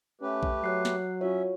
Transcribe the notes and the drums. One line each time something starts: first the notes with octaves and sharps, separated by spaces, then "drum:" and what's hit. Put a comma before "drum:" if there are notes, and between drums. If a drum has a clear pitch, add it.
A3 C#4 G4 B4
drum: kick A#1
F#3 C#5 F#6 C7
drum: snare
C#4 F4 F#4 C#5 E5